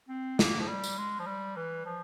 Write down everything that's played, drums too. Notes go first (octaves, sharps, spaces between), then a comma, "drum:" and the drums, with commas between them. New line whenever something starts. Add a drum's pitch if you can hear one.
C4
A#3, drum: snare
F3
G3
drum: tambourine
G#3
F3
G3
E3
F3